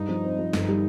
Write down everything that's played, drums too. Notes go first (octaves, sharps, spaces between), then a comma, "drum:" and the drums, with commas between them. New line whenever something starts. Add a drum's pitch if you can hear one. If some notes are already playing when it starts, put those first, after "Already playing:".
Already playing: G2 D#4
F3
C4
F3
G1, drum: snare
G3